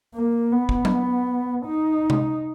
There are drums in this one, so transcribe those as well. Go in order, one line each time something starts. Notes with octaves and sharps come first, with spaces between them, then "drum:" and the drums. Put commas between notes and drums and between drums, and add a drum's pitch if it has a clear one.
A#3
B3
drum: kick
drum: tom F#3
D#4
drum: tom C3